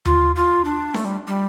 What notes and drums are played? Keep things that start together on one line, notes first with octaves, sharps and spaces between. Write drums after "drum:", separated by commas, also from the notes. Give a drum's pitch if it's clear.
F4, drum: tom D#2
F4
D4
A3, drum: snare C#4
G3
G3